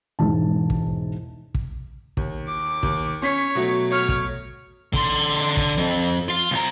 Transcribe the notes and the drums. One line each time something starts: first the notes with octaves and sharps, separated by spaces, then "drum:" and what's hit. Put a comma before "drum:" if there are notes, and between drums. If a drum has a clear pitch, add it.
E1 G#2 E3 A5
drum: kick
drum: kick
D#2, drum: kick
D6
D#2, drum: kick
C#4 C#5 B6
B2 F#3 A3
C#5 F6
drum: kick
D3 C6, drum: kick
drum: kick
F2
F4 F5
C2 A#5